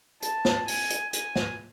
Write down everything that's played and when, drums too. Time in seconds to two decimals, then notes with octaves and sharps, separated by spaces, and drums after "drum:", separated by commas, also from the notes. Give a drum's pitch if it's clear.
0.22 A5, drum: hi-hat
0.45 drum: snare
0.68 G#5, drum: open hi-hat
0.90 drum: hi-hat
1.13 G#5, drum: hi-hat
1.36 drum: snare